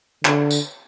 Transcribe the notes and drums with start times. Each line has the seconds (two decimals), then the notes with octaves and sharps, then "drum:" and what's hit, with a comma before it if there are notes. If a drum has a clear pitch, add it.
0.25 D3, drum: clap
0.51 drum: tambourine